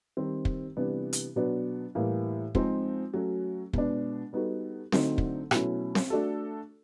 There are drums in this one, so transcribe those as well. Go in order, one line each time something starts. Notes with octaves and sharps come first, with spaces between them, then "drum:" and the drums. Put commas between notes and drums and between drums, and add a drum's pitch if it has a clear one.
D#3 G3 C4
drum: kick
C3 E3 G3 B3 D4
drum: hi-hat
B2 F#3 B3 D4
A2 E3 G3 A#3
F3 G#3 C4 D#4, drum: kick
F#3 A3 C#4 F#4
B2 G#3 B3 D4, drum: kick
G3 B3 D#4 F#4 A4
D3 F#3 A3 C4 D#4, drum: snare C4
drum: kick
B2 F#3 A3 C#4 E4, drum: rim click
drum: snare C4
A3 D4 F#4 A4